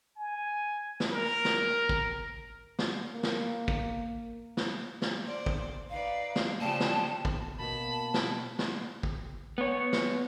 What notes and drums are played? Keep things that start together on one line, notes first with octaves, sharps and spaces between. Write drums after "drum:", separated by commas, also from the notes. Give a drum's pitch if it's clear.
G#5
drum: snare
A#4
drum: snare
drum: kick
drum: snare
A#3
drum: snare
drum: kick
drum: snare
drum: snare
C5 D5
drum: kick
D#4 B4 D5 F5
drum: snare
C#3 F3 G3 A5
drum: snare
drum: kick
B2 A#3 A5 B5
drum: snare
drum: snare
drum: kick
B3 C#5
drum: snare